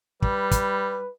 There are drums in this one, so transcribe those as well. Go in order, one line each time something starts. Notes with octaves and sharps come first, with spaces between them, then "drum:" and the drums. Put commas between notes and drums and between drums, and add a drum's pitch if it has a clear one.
G3 B4, drum: kick
drum: kick, hi-hat